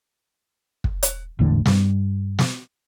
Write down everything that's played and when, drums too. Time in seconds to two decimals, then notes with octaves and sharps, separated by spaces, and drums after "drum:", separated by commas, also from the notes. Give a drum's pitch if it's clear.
0.84 drum: kick
1.03 drum: hi-hat
1.39 G#1 E2 A2 D3
1.66 G2 G3, drum: snare
2.39 drum: snare